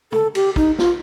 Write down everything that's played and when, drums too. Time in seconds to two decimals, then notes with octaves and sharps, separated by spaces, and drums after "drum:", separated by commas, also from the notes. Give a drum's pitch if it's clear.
0.12 A4, drum: tom
0.35 G4, drum: cymbal
0.56 D#4, drum: kick
0.78 F4, drum: snare